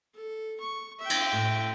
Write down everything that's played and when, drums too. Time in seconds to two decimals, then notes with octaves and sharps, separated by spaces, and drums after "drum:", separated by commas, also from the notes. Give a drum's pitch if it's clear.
0.15 A4
0.60 C#6
0.99 E5 G5
1.10 drum: cymbal
1.33 A2